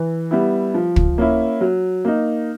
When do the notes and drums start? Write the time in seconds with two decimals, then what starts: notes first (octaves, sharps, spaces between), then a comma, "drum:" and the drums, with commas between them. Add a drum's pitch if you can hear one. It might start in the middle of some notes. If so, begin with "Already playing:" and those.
Already playing: E3
0.31 G3 B3 E4
0.74 F3
0.96 drum: kick
1.18 A#3 C#4 E4
1.61 F#3
2.05 A#3 D#4